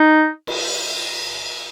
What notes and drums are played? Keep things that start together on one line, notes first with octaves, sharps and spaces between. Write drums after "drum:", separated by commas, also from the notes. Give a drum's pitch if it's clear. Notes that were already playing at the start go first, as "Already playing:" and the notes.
Already playing: D#4
drum: cymbal